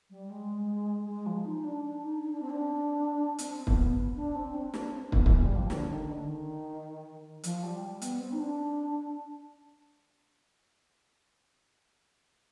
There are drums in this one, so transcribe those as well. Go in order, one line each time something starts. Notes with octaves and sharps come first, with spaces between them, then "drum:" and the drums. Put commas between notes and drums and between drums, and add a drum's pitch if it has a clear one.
G3
G#3
G#3
F3
D#4
D4
D4
D#4
D#4
D4
C4
D4
C4, drum: hi-hat
B3, drum: kick
D4
C4
D4
D4, drum: snare
C4
B3, drum: kick
G#3, drum: kick
G3
F3
D3, drum: snare
D#3
D3
D#3
F3, drum: hi-hat
G3
G3
B3, drum: hi-hat
C4
D#4
D4